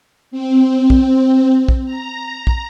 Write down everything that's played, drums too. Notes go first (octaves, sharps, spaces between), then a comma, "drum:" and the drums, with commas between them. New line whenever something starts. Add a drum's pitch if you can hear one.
C4
drum: kick
drum: kick
A#5
drum: kick